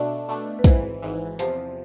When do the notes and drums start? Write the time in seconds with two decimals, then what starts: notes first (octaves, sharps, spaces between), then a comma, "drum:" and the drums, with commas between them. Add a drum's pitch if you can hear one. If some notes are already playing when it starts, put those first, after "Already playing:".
Already playing: B2 A3 D4 D5
0.28 B2 A3 D4
0.59 B4
0.64 G#1 G#2 E3 C5, drum: kick, hi-hat
1.03 G#1 G#2 E3
1.39 E2 C3 F3 C5, drum: hi-hat